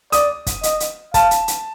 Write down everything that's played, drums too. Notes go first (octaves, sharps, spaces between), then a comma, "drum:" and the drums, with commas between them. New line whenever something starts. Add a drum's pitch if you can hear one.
D5 D#6, drum: hi-hat
drum: kick, hi-hat
D#5, drum: hi-hat
drum: hi-hat
F5 A5, drum: kick, hi-hat
drum: hi-hat
drum: hi-hat